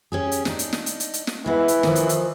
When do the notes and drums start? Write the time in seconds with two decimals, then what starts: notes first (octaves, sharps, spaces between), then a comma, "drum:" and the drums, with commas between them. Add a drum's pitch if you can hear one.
0.12 C#4 G4 G#4
0.32 drum: hi-hat
0.45 D4 D#4, drum: snare
0.59 drum: hi-hat
0.73 drum: snare
0.86 drum: hi-hat
1.00 drum: hi-hat
1.14 drum: hi-hat
1.27 drum: snare
1.46 E3 G#3 B3
1.68 drum: hi-hat
1.83 D#3 F3, drum: snare
1.95 drum: hi-hat
2.09 drum: hi-hat